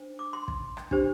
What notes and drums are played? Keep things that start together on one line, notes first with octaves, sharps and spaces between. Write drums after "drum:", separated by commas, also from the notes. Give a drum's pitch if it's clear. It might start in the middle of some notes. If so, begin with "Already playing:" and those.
Already playing: D4 C5
D6
C6
drum: kick
drum: rim click
D4 G4 C5, drum: kick